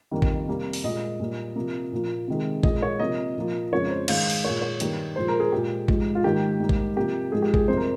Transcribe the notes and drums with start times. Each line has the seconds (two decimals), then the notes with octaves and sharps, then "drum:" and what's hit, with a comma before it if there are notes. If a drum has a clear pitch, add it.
0.11 F2 D#3 G3 A#3
0.22 drum: kick
0.47 C3 G3 A#3
0.73 drum: open hi-hat
0.84 A#2 G#3 D#5
1.19 A#2 G3 A#3
1.55 C3 F3 A#3
1.92 A#2 F3 A#3
2.28 C3 D#3 G#3
2.63 A#2 G#3 D#5, drum: kick
2.82 C#5
2.99 C3 F3 A#3 D#5
3.37 A#2 F3 A#3
3.72 F2 C#3 F3 G#3 C#5
3.90 C5
4.08 G#2 D#3 G#3 F5, drum: cymbal
4.30 drum: open hi-hat
4.44 A#2 G#3 C#5
4.62 C#5
4.80 G2 D#3 G3 A#3, drum: hi-hat
5.16 A#2 F3 G#3 C5
5.28 A#4
5.40 G#4
5.52 A#2 G#3 G4
5.88 G#2 F3 G#3, drum: kick
6.15 F4
6.24 G#2 D#3 A#3 G4
6.60 G#2 G3 A#3
6.69 drum: kick
6.96 C3 F3 A#3 G4
7.32 G#2 F3 G#3 G#4
7.42 G4
7.54 G#4, drum: kick
7.68 F2 C3 G3 A#3 C5
7.77 A#4